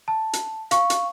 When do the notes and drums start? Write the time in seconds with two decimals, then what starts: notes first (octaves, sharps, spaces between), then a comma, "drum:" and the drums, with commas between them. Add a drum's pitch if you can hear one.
0.08 A5
0.33 drum: hi-hat
0.71 F5 C#6, drum: hi-hat
0.90 drum: hi-hat